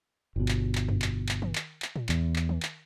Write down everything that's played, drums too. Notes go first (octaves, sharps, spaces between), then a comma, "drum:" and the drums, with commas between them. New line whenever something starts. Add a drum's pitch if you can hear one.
G1 B2
drum: clap
drum: clap
drum: tom F2
drum: clap
drum: clap
drum: tom D#3
drum: clap
drum: clap
drum: tom A2
E2, drum: clap
drum: clap
drum: tom D#3
drum: clap